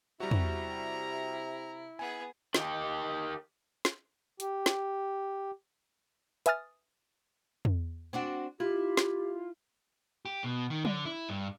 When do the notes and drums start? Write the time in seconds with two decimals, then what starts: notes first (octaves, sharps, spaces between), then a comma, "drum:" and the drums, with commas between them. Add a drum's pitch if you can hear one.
0.20 C3 G3 E4 F#4 A#5
0.31 drum: tom
1.99 B3 G#4 G#5
2.55 D#3 G4, drum: snare
3.85 drum: snare
4.40 G4, drum: hi-hat
4.66 drum: snare
6.46 B4 E5 G#5 D#6 F6 A6, drum: hi-hat
7.65 drum: tom
8.13 C4 D4 F#4
8.60 E4 F4 G4
8.97 drum: snare
10.25 G4
10.44 B2
10.70 D#3
10.85 D3, drum: tom
11.05 E4
11.29 G2